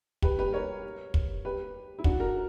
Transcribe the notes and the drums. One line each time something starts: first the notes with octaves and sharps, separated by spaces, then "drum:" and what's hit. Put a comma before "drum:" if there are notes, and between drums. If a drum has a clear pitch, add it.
G4 B4, drum: kick
G4 B4
A#4 C#5
drum: kick
G4 B4
E4
D4 F#4, drum: kick
F#4 A#4